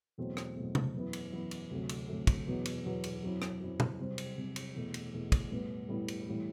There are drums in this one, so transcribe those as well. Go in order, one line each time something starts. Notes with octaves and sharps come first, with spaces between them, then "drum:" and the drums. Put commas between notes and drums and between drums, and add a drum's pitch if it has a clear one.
E2 B2 F#3 A3 C4
drum: rim click
E2 B2 F#3 A3 C4
drum: tom
F#2 E3 B3 E4
drum: cymbal
F#2 E3 B3 E4
drum: cymbal
D2 C3 F#3 A3
drum: cymbal
D2 C3 F#3 A3
drum: kick, cymbal
E2 B2 F#3 B3
drum: cymbal
E2 B2 F#3 B3
drum: cymbal
F#2 F#3 C4 E4
drum: rim click
F#2 F#3 C4 E4
drum: tom B2
C3 G3 C4
drum: cymbal
C3 G3 C4
drum: cymbal
E2 B2 A3
drum: cymbal
E2 B2 A3
drum: kick, cymbal
A2 G3 B3 E4
A2 G3 B3 E4
drum: cymbal
A2 E3 G3 B3 E4